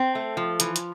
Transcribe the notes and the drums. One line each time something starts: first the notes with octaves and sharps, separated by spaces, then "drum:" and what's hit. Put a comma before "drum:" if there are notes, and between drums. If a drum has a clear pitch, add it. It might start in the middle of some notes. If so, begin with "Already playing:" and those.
Already playing: C4
A3
F3
E3, drum: hi-hat
drum: hi-hat